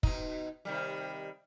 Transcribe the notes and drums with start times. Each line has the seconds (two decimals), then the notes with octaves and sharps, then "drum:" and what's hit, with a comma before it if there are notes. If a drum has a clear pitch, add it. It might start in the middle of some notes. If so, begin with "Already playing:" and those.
0.03 B2 D#4, drum: kick
0.65 C3 D#3 G3